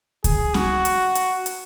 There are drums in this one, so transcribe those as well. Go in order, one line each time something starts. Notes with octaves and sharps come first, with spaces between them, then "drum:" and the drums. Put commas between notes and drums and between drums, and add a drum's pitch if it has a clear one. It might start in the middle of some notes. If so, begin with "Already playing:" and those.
G#4, drum: kick C#2, hi-hat
F#4, drum: snare C#4
drum: hi-hat
drum: hi-hat
drum: hi-hat